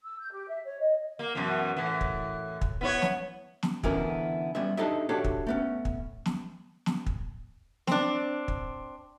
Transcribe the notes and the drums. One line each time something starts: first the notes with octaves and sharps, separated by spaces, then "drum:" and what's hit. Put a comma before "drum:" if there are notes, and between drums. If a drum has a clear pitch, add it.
E6
G6
G4
E5
C#5
D#5
A#3
F#2 B2 E3
A2 E3
drum: kick
drum: kick
B3 E4 C#5
drum: snare
drum: snare
D3 E3 B3 C#4 E4 A#4, drum: kick
G3 B3 C#4 E5
D4 D#4 G4 A4 D#5 E5
D4 F#4 G4 A4 C#5 E5
drum: kick
A3 B3 C#4
drum: kick
drum: snare
drum: snare
drum: kick
C4 D4, drum: snare
drum: kick